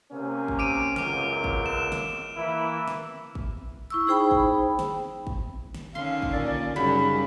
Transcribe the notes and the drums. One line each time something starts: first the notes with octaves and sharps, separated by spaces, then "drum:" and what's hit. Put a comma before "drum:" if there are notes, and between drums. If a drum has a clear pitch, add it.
C3 A#3 C#4
drum: kick
D6 D7 D#7
C#2 F#2 D6 F6, drum: snare
drum: kick
E7
drum: snare
E3 A#3 E4
drum: snare
drum: kick
E4 C#6 E6
D#4 G#4 C5 G5 B5
drum: kick
drum: snare
drum: kick
drum: snare
D3 D#3 C#4 F5 C6
drum: kick
A#2 D5
F#2 C#3 F#3 G3 D#4 B5